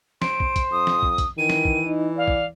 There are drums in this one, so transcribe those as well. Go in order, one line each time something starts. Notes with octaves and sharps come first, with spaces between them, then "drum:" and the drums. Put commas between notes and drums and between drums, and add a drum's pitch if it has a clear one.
C5 D7, drum: snare
drum: kick
drum: kick, hi-hat
F2 D#6
drum: snare
drum: kick
drum: kick, hi-hat
D#3 E3 D#7
drum: snare
drum: kick
D#4
D5 F5
drum: kick